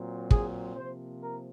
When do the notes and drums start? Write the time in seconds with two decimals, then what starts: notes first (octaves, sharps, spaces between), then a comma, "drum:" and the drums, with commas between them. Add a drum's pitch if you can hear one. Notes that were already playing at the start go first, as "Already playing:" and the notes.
Already playing: A#2 F#3 C4
0.31 G#4, drum: kick
0.76 C3 F3 A#3 C5
1.21 A#4